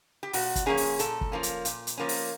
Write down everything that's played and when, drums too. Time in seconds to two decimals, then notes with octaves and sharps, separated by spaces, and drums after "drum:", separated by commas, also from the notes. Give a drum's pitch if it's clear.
0.23 G4
0.33 A#2 F#4, drum: open hi-hat
0.55 drum: kick, hi-hat
0.66 F3 A#3 C#4 G#4
0.77 drum: open hi-hat
0.99 A#2 A4, drum: hi-hat
1.21 drum: kick
1.32 F3 A#3 C#4
1.43 drum: hi-hat
1.65 A#2, drum: hi-hat
1.87 drum: hi-hat
1.98 F3 A#3 C#4
2.09 drum: open hi-hat